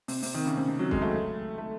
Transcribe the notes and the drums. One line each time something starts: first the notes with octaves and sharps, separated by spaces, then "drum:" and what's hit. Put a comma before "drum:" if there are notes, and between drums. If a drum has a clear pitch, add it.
C3, drum: open hi-hat
C3, drum: open hi-hat
D#3
C#3
C3
C3
F#3
G#3, drum: kick
A3
A3